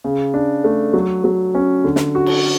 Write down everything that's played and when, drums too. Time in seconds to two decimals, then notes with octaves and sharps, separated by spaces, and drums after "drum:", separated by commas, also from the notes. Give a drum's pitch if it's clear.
0.04 C#3
0.34 D4
0.64 A3
0.93 F#3
1.24 F#3
1.55 C#4
1.84 D3
1.96 drum: snare
2.15 F#4
2.26 drum: cymbal